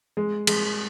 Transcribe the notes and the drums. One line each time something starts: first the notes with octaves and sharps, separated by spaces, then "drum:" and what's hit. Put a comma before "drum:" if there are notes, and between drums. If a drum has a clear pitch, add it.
G#3
G#3, drum: cymbal